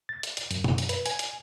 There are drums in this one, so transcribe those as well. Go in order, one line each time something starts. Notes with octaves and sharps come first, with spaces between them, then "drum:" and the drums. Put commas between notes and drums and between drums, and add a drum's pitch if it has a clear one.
A6
drum: hi-hat
drum: hi-hat
F#2, drum: hi-hat
drum: tom B2
drum: hi-hat
B4, drum: hi-hat
G#5, drum: hi-hat
drum: hi-hat